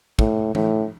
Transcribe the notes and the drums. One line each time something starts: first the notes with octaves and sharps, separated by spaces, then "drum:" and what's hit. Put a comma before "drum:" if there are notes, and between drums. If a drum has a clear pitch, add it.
A2, drum: kick
A2, drum: tom E3